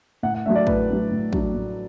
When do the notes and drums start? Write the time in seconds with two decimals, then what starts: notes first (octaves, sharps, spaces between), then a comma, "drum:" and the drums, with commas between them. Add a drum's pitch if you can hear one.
0.23 A2 F#5
0.34 F#5
0.45 F#3 A3 D4 E5
0.56 D5
0.67 A2 B4, drum: kick
0.89 F#3 A3 D4
1.11 A2
1.33 F#3 A3 D4, drum: kick
1.55 A2